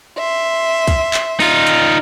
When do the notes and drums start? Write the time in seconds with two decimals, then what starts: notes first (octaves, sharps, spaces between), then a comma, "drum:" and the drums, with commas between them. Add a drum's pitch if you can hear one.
0.17 E5 C6
0.87 drum: kick C2, hi-hat
1.14 drum: clap
1.40 D#4 F4, drum: open hi-hat
1.67 drum: hi-hat